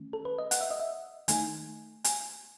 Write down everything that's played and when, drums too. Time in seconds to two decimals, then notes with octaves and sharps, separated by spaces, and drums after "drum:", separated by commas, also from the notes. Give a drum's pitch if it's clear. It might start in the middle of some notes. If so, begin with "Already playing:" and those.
Already playing: D#3 A3 C#4
0.13 A4
0.25 B4
0.38 D#5
0.51 F#5, drum: hi-hat
0.61 E5
0.71 D#5
0.80 E5
1.28 D#3 A3 D#4 G#5, drum: hi-hat
2.04 G#5, drum: hi-hat